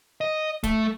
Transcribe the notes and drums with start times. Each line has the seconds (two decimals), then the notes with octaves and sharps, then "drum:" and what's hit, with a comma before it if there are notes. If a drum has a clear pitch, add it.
0.21 D#5
0.64 A3, drum: kick C#1, hi-hat